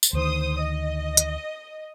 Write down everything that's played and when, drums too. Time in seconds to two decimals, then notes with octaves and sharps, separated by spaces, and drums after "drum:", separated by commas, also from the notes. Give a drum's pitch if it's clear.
0.03 drum: tambourine
0.13 D2 D#3 C5 D#6
0.60 D#5
1.17 drum: hi-hat